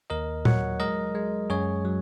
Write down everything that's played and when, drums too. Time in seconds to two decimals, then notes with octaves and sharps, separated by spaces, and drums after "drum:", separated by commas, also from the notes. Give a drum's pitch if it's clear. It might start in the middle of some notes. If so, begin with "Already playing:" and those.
0.10 D#2 A#4 D#5
0.45 F#3 C#5 F#5, drum: tom A#2
0.80 G#3 A#4 D#5
1.15 G#3
1.50 F#2 G#4 C#5
1.85 F#3